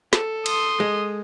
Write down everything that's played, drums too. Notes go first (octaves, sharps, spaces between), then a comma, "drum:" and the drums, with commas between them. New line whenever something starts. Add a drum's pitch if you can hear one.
A4, drum: snare
C6 D#6, drum: cymbal
G#3